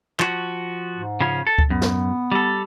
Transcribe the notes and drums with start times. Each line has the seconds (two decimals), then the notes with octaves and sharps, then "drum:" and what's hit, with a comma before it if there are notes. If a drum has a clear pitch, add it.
0.20 F3 F#4, drum: clap
0.96 G#2
1.20 C#3 F3 C#4
1.47 A4
1.58 drum: kick C#2
1.70 F#2 B3
1.82 drum: snare
2.32 G3 A4